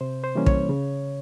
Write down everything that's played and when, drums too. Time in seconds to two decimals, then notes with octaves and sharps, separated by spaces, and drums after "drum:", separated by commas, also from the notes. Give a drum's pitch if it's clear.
0.01 C3 C5
0.24 C5
0.35 E3 G3 A#3 C#4
0.46 C#5, drum: kick
0.69 C#3